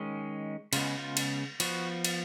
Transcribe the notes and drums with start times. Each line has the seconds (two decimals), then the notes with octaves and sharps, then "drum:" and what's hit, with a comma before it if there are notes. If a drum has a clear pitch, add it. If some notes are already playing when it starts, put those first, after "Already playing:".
Already playing: D#3 G#3 C#4
0.73 C#3 G#3 B3 F4, drum: cymbal
0.98 F4
1.17 drum: cymbal
1.60 F3 B3 F#4, drum: cymbal
2.05 drum: cymbal